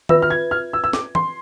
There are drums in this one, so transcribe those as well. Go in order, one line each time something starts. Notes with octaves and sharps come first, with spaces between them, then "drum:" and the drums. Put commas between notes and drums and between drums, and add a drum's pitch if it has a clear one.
F4 B4 E5 E6, drum: tom D#3
F6
G#6
F6
E6
E6
D6, drum: snare
C6, drum: tom